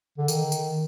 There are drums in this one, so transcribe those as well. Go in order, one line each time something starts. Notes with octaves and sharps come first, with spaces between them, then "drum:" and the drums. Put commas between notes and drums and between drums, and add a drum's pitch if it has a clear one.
D3
D#3, drum: tambourine
drum: tambourine